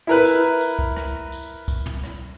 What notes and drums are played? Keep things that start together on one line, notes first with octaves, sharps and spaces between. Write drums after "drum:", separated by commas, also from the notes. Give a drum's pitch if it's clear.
E4 A#4 B4
drum: tambourine
drum: tambourine
drum: kick
drum: rim click
drum: tambourine
drum: kick, tambourine
drum: tom
drum: rim click